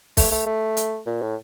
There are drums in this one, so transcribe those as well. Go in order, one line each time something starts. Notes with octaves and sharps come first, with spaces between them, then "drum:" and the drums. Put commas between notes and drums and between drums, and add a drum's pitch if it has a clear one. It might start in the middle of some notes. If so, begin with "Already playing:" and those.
A3, drum: kick, open hi-hat
A3
A3
drum: hi-hat
A#2
A2